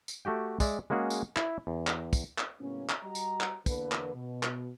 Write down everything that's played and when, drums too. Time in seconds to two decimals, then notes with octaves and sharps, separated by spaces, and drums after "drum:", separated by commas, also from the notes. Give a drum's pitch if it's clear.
0.08 drum: tambourine
0.25 A3 F#4 G4 G5
0.60 G#3 D5 E5, drum: kick, tambourine
0.90 G#3 A#3 C#4 F#4 G#4
1.10 drum: tambourine
1.36 E4 E5, drum: clap
1.67 E2
1.87 drum: clap
2.13 drum: kick, tambourine
2.38 drum: clap
2.60 A2 C#3 F#3 A#3 B3 C#4
2.89 drum: clap
3.03 G3 F#4 G4 D#5 A#5
3.15 drum: tambourine
3.41 drum: clap
3.66 E2 D3 A#3 B4, drum: kick, tambourine
3.92 drum: clap
4.14 B2
4.43 drum: clap